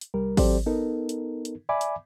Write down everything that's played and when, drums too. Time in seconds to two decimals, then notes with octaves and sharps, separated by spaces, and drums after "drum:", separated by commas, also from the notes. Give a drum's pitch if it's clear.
0.01 drum: hi-hat
0.14 C2 G3 A#4
0.37 F#3 C4 G4 A4 C5 D5, drum: kick G#1, open hi-hat
0.66 B3 D#4 A4 A#4
1.09 drum: hi-hat
1.45 drum: hi-hat
1.69 D5 E5 G#5 B5 D6
1.81 drum: hi-hat